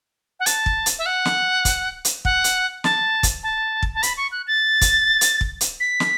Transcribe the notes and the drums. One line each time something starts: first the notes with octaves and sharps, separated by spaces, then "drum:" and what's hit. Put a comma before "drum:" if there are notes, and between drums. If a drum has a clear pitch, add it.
F#5
A5, drum: hi-hat
drum: kick
drum: hi-hat
E5
F#5
drum: snare
drum: kick, hi-hat
drum: hi-hat
F#5, drum: kick
drum: hi-hat
A5, drum: snare
drum: kick, hi-hat
A5
drum: kick
A5
B5, drum: hi-hat
C#6
F#6
A6
drum: kick, hi-hat
drum: hi-hat
drum: kick
drum: hi-hat
B6
drum: snare